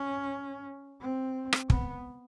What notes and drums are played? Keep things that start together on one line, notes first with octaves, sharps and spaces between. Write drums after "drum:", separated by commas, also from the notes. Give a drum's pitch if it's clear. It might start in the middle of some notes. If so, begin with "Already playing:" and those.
Already playing: C#4
C4
drum: rim click
B3, drum: kick